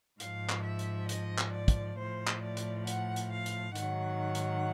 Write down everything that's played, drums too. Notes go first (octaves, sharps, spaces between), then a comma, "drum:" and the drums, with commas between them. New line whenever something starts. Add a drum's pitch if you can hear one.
G#2 F3 F5, drum: hi-hat
drum: clap
E5
drum: hi-hat
D#5, drum: hi-hat
drum: clap
D5
drum: kick, hi-hat
A2 F3 C5
drum: clap
D5
drum: hi-hat
F#5, drum: hi-hat
drum: hi-hat
F5
drum: hi-hat
G#2 D#3 F#3 F#5, drum: hi-hat
drum: hi-hat